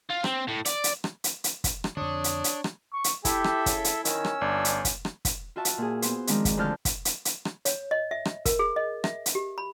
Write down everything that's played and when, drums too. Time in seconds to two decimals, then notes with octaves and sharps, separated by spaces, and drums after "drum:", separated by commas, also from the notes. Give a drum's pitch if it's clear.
0.10 F4
0.24 C4, drum: rim click
0.48 A2
0.65 D5, drum: hi-hat
0.84 drum: hi-hat
1.04 drum: rim click
1.24 drum: hi-hat
1.44 drum: hi-hat
1.64 drum: kick, hi-hat
1.84 drum: rim click
1.97 F2 D3 D4 C#5 D#6
2.24 drum: hi-hat
2.44 drum: hi-hat
2.64 drum: rim click
2.93 C#6
3.04 drum: hi-hat
3.25 E4 G4 A4 E5, drum: kick, hi-hat
3.44 drum: rim click
3.66 C#3, drum: kick, hi-hat
3.84 drum: hi-hat
4.05 D#3 C#4 E6, drum: hi-hat
4.25 drum: rim click
4.41 G1 D4
4.65 drum: hi-hat
4.85 drum: kick, hi-hat
5.05 drum: rim click
5.25 drum: kick, hi-hat
5.56 F4 F#4 E5 A5
5.65 drum: hi-hat
5.78 A#2 G#4
6.02 B3 C5, drum: hi-hat
6.27 D#3 F3 G#3 C4 D4, drum: hi-hat
6.45 drum: kick, hi-hat
6.57 D2 F3 D5 A5 F6 G6
6.85 drum: kick, hi-hat
7.05 drum: hi-hat
7.25 drum: hi-hat
7.45 drum: rim click
7.65 C#5, drum: hi-hat
7.91 D#5
8.11 E5
8.25 drum: rim click
8.45 A#4, drum: kick, hi-hat
8.59 G#4
8.76 D#5
9.04 E5, drum: rim click
9.26 drum: hi-hat
9.35 G4
9.58 B5